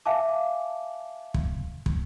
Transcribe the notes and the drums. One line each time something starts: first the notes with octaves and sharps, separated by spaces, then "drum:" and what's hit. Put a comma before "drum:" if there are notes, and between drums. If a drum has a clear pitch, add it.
E5 F5 G#5 A5 D6
drum: kick
drum: kick